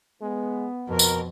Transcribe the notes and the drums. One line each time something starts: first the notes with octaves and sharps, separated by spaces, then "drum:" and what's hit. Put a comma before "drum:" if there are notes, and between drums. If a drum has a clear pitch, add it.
G#3 B3
F2 B2 A#4
drum: tambourine